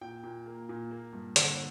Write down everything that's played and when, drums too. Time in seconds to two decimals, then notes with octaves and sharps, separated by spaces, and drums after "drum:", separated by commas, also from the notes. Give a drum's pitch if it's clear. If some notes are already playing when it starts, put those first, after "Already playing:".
0.01 A#2 G5
0.23 A#2
0.46 A#3
0.69 A#2
0.91 A#3
1.13 G2
1.36 D3, drum: hi-hat